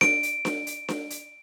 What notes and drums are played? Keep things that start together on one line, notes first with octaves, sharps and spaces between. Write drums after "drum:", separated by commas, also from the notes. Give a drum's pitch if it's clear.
D7, drum: snare D4
drum: hi-hat
drum: snare D4
drum: hi-hat
drum: snare D4
drum: hi-hat